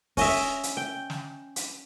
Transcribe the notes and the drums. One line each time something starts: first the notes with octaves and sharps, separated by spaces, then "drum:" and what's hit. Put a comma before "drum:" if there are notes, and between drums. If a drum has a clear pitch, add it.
C#4 D#5 E5, drum: kick, open hi-hat
drum: hi-hat
G5
drum: snare
drum: hi-hat